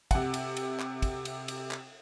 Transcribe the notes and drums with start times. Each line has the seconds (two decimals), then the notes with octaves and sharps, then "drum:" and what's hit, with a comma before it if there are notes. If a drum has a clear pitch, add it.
0.11 C3 F#5, drum: kick, cymbal
0.34 drum: cymbal
0.57 drum: cymbal
0.80 drum: clap
1.02 drum: kick, cymbal
1.25 drum: cymbal
1.48 drum: cymbal
1.71 drum: clap